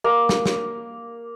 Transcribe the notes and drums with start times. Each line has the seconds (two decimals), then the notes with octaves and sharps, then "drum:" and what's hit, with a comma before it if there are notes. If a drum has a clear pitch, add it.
0.04 A#3
0.29 drum: snare
0.46 drum: snare